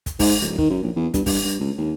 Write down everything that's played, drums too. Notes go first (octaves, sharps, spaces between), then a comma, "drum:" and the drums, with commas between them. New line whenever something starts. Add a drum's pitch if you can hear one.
drum: kick, hi-hat
G#2, drum: kick, open hi-hat
D1
D#3, drum: kick
F#2
A#1
E2
G2, drum: kick, hi-hat
G2, drum: kick, open hi-hat
G2
C#2
D#2